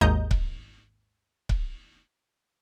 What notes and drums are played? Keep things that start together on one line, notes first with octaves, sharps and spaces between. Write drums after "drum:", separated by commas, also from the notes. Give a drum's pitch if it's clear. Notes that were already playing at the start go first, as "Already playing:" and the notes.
G#1 D#2 G#2 D#5 A#5 G6
drum: kick C#1
drum: kick C#1